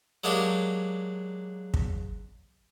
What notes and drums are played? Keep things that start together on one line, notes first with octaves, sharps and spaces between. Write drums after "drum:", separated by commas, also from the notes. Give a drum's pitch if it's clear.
F#3 G#3 A#3 D4 G4
drum: kick